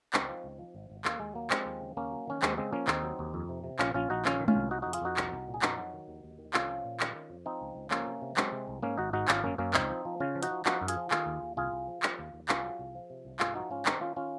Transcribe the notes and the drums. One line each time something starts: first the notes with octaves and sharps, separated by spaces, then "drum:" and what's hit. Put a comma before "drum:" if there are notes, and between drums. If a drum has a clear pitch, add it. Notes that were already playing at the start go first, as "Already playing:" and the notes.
C#2 C4 D#4, drum: clap
F3
C#2
F3
G#1
G#1
D#2 A#3, drum: clap
D#2 G#3
F#3 A#3
F3 G#3 C4, drum: clap
D#2
C#3
D#2 A#3 C#4
F#3
D#3 C#4
D#2 G#3 C4, drum: clap
C#3 G#3 C4
F3 A#3 C#4
D#2 C4 D#4, drum: clap
F#3
D#2
F2
C3
C3
A#1 C#4 F4, drum: clap
A#1 C#4 F4
A#1 D#4 F#4
D#3 C#4 F4, drum: clap
D#3
C#4 F4, drum: tom G#3
C2
C3 D#4 F#4
F2 D#4 F#4
F4 G#4, drum: hi-hat
F2 D#4 F#4
C2, drum: clap
C2
A#2
G#4
F2 D#4 F#4, drum: clap
F#3
D#3
D#2
D#2
D#3
C2 C#4 F4, drum: clap
F3
A#2
D#3, drum: clap
D#3
F2
F3 C4 D#4
C#2
C#2
F3 A#3 C#4, drum: clap
C3
C3
F#3 G#3 C4, drum: clap
C3
C2
G#2 A#3 C#4
G#1 D#4 F#4
G#2 D#4 F#4
G#1 C#4 F4, drum: clap
F#2 A#3 C#4
F#2 A#3 C#4
C#2 C4 D#4, drum: clap
F3
F3
C#3 C#4 F4
F3
D#4 F#4, drum: hi-hat
F3
F3 D#4 F#4, drum: clap
F#2
F4 G#4, drum: hi-hat
F3
D#3 F4 G#4, drum: clap
D#2
D#2
C2 F4 G#4
C2
F3
F3, drum: clap
D#2
D#2
C2 F4 G#4, drum: clap
F#3
C2
F3
C3
C2
G#2 F4 G#4, drum: clap
F3 D#4 F#4
G#2 C#4 F4
D#3 C4 D#4, drum: clap
D#3 C#4 F4
D#3 C#4 F4